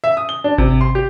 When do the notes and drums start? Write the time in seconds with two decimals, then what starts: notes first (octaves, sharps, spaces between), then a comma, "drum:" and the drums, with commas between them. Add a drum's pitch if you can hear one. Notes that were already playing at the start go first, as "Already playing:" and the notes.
0.04 E5
0.17 D#6
0.29 G7
0.44 D4
0.58 C3, drum: kick G#1
0.81 C6
0.95 G4